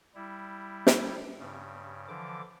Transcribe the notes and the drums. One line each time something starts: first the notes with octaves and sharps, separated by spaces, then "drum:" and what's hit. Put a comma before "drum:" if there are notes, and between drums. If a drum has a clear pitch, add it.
G3 E4
drum: snare
G2 C#3
D3 E3 F3 D6